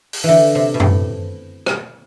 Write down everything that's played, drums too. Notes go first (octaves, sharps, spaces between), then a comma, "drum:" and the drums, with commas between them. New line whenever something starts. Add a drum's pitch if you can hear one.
drum: open hi-hat
D3 E3
C3
B2
A2, drum: tom F#2
drum: rim click